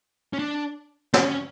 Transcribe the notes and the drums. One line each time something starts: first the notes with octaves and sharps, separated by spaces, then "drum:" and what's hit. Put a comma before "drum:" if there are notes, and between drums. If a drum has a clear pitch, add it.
C#4
D4
C#4, drum: snare